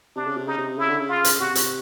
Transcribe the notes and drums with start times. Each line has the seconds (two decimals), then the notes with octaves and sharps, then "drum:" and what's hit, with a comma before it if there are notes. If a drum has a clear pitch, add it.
0.16 C3 D4
0.27 C#3
0.37 C3
0.47 C#3 D#4
0.58 C3
0.78 C#3 E4
0.89 D3
0.99 C#3
1.09 F4
1.24 drum: hi-hat
1.40 C3 F#4
1.55 drum: hi-hat